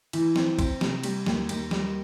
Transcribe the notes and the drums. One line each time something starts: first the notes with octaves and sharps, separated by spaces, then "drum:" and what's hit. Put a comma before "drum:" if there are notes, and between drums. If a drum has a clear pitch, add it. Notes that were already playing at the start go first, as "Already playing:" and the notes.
E3, drum: cymbal
C4, drum: snare
C4, drum: kick, cymbal
C3, drum: snare
G3, drum: cymbal
D#2, drum: snare
D#2, drum: cymbal
G3, drum: snare